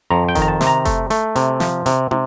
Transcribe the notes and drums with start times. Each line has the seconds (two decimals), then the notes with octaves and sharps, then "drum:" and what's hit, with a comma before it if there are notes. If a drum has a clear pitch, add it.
0.11 F2 A#5
0.29 G5
0.35 D#3, drum: kick F#1, hi-hat
0.42 A#5
0.48 A5
0.61 C3, drum: snare
0.67 A#5
0.85 A3, drum: kick F#1, hi-hat
1.10 A3, drum: hi-hat
1.36 C3, drum: hi-hat
1.60 F3, drum: snare
1.86 C3, drum: hi-hat
2.11 C3, drum: tom